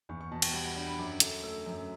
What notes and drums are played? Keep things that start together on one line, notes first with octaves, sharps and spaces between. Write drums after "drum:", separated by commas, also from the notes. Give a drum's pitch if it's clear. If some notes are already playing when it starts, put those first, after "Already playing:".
E2 C#6
C#6
B2 A5
G5, drum: cymbal
G3 F#5
F#5
D4 G5
B5
F#2 D6
D3, drum: hi-hat
A3 E6
F#2